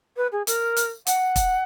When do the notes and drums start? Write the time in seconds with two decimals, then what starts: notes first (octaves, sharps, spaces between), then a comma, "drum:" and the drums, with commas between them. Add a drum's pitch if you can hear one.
0.17 B4
0.32 G#4
0.47 A#4, drum: hi-hat
0.77 drum: hi-hat
1.07 F#5, drum: hi-hat
1.36 drum: kick, hi-hat